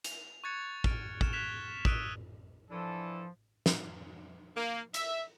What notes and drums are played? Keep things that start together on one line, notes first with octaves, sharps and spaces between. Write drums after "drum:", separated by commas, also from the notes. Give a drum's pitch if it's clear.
F7, drum: hi-hat
C#6 F#6 G#6 A6 C#7 E7
F6 D7, drum: kick
F6 E7, drum: kick
F#6 G#6 B6 E7 F7 G7
D#6 E6 F#6 D7 D#7 G7, drum: kick
E3 F3 D4 A4
drum: snare
A#3
E5, drum: hi-hat